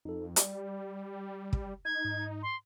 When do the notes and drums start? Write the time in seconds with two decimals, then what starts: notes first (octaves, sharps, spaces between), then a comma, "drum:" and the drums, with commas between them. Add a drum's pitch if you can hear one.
0.05 F2 D#4 A4
0.36 G3 D5, drum: hi-hat
1.53 drum: kick
1.85 D#4 G#6
2.05 G#2
2.42 C6